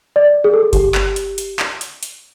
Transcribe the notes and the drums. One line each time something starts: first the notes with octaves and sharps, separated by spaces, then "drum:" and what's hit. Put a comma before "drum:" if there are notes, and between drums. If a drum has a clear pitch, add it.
D5
G#4
A4
G#4
G4, drum: kick G1, hi-hat
drum: clap
drum: hi-hat
drum: hi-hat
drum: clap
drum: hi-hat
drum: hi-hat